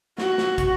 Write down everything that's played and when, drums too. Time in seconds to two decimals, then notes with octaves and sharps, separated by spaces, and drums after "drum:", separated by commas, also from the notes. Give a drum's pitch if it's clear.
0.18 F#4, drum: snare
0.38 drum: snare
0.58 drum: kick, hi-hat